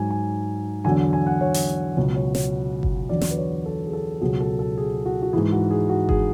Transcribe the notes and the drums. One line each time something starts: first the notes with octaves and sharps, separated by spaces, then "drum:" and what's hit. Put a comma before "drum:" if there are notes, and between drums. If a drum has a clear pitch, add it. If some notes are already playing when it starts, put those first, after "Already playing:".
Already playing: G#2 F#3 G#5
G#5
E2 D3 F#3 G#5
G#5
F#5
C#5
drum: open hi-hat
C#2 B2 F#3 C#5
C#5
C#5, drum: snare
drum: kick G1
E2 D3 F#3 D5
drum: snare
B4
C#5
A4
G#4
A4
C#2 B2 F#3 G#4
A4
A4
G#4
F#4
F#4
G#2 E3 G#4
F#4
G#4
F#4
G#4, drum: kick G1